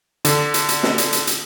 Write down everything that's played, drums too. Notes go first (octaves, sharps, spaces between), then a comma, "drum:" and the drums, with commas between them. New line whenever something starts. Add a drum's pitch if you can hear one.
D3, drum: hi-hat
drum: hi-hat
drum: hi-hat
drum: snare
drum: hi-hat
drum: hi-hat
drum: hi-hat